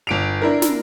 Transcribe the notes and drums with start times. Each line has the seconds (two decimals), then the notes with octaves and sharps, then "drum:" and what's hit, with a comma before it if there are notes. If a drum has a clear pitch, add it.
0.07 G1 D7 F7
0.42 D4 E4 A#4
0.62 drum: snare